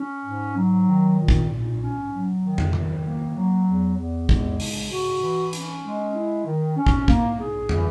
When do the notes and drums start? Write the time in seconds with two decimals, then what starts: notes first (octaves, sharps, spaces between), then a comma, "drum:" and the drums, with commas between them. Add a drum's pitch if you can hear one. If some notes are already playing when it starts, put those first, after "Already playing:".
Already playing: C#4
0.25 G#2
0.56 F#3
0.87 D#3
1.18 A#2
1.28 drum: kick
1.49 A#2
1.80 C#4
2.11 F#3
2.43 D#3
2.58 drum: tom
2.73 D#3, drum: tom
3.05 A#3
3.36 F#3
3.66 E2
3.98 E2
4.29 G#3, drum: kick
4.60 C#3, drum: open hi-hat
4.91 F#4
5.22 E3
5.53 C#4, drum: hi-hat
5.84 G#3
6.15 E4
6.46 D#3
6.77 C#4
6.87 drum: kick
7.08 A#3, drum: kick
7.39 G#4
7.69 E3, drum: tom